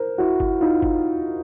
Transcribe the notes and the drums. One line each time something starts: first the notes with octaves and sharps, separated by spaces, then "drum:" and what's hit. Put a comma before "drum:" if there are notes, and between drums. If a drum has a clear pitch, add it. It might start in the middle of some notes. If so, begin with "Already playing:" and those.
Already playing: A#4 C5
E4 F#4
drum: kick G1
D#4 F4
drum: kick G1